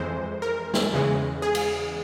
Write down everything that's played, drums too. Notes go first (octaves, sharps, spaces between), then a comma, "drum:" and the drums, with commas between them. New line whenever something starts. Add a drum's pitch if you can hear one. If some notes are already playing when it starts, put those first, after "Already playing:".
Already playing: F2 E3 G#3 C5
A#4
drum: snare
E2 C#3 E3 G#3
G#4
drum: cymbal